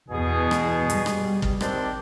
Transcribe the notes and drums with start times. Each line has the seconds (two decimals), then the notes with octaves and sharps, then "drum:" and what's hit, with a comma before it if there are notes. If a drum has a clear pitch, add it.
0.11 E2 B2 G#4
0.51 drum: rim click
0.90 G3, drum: hi-hat
1.06 drum: rim click
1.42 drum: kick
1.61 D#3 C4 D4, drum: rim click